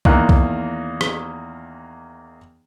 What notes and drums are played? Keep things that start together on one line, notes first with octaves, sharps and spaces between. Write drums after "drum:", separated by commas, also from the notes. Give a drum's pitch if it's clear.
E2 D#3 A#3 D#4 F#6, drum: kick B1
drum: kick B1
drum: rim click